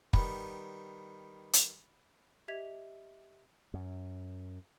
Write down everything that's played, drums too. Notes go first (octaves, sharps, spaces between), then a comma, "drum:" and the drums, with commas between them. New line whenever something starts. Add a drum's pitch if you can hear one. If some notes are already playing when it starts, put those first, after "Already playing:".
D#3 G3 B3 B5, drum: kick
drum: hi-hat
G4 D#5 E5 G#6 B6 F7
F#2